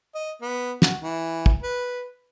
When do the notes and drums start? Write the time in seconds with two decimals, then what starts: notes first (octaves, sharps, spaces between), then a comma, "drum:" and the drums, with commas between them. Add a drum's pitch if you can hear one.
0.15 D#5
0.42 B3
0.82 F#4, drum: snare
1.01 E3
1.46 drum: kick
1.62 B4